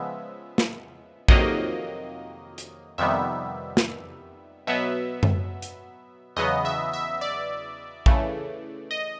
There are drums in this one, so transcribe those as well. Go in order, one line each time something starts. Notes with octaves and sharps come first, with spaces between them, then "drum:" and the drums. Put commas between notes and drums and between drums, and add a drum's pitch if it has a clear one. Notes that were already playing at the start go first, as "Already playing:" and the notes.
Already playing: C#3 F3 G#3 B3 E5
drum: snare
F2 C3 D#3 F#3 A#3 D#5, drum: kick A#1
drum: hi-hat
F2 C3 D#3 G3 B3 E5
drum: snare
B2 F#3 B3 E5
drum: tom F#2
drum: hi-hat
E2 C#3 F#3 B3 D#5
E5
E5
D5
C#3 E3 A3, drum: kick A#1
D#5